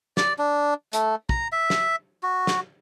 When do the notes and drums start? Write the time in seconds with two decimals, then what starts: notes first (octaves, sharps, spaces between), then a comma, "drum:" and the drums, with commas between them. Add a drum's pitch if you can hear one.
0.17 D5, drum: snare
0.39 D4
0.93 A3, drum: hi-hat
1.29 A#5, drum: kick
1.52 E5
1.70 drum: snare
2.23 F#4
2.47 drum: snare